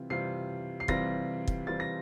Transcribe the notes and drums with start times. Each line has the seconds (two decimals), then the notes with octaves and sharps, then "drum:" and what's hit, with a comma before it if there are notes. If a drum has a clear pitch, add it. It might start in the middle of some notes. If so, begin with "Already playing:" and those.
Already playing: C3 E3 G3 C4 F4
0.10 C3 E3 G3 C4 F4 C7
0.80 C7
0.88 C3 E3 G3 C4 F4 A#6, drum: kick
1.48 drum: kick
1.67 C3 E3 G3 C4 F4 A6
1.80 A#6